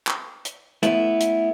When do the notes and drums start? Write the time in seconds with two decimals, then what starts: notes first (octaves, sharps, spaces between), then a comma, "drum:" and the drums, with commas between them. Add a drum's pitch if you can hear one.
0.07 drum: clap
0.45 drum: hi-hat
0.83 A3 B3 E4, drum: hi-hat
1.20 drum: hi-hat